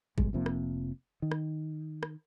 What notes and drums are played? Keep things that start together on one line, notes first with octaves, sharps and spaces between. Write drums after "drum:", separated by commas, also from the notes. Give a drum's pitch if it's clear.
B1 G2 G#3, drum: kick G#1
F1 C3 F3 A#3
drum: rim click
D#3
drum: rim click
drum: rim click